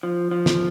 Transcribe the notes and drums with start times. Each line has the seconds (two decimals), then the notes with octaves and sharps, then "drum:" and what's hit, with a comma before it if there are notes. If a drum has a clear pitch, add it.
0.03 F3
0.31 F3
0.46 drum: snare